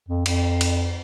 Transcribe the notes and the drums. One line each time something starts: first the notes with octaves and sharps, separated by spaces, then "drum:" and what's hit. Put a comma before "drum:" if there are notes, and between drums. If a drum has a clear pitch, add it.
F2
F2, drum: cymbal
drum: cymbal